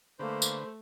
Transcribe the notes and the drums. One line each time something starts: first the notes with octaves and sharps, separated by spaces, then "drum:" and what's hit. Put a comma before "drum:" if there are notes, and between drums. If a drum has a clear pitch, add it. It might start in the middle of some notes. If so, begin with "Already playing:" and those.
D3 A3 A#3 B4 C5
drum: tambourine